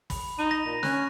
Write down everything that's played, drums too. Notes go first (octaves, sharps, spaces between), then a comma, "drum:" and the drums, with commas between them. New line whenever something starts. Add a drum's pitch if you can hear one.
B5, drum: kick, open hi-hat
D#4 D#7 F7
A#6
A#2
C#4 F#6, drum: snare